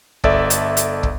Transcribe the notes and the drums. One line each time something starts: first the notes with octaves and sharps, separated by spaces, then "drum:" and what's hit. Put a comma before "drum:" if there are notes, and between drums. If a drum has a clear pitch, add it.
G1 A4 D5 E5, drum: kick
drum: hi-hat
drum: hi-hat
drum: kick